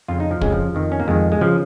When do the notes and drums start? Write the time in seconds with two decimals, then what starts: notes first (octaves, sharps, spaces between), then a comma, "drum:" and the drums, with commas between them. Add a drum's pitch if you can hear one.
0.08 F2 C#3 F4
0.20 D#4
0.31 F3
0.41 F2 C#3 G#3, drum: kick
0.53 F3
0.75 F2 D#3
0.92 C#4
1.00 A#3
1.08 F2 D#3 G#3
1.32 G#3
1.41 C#3 F3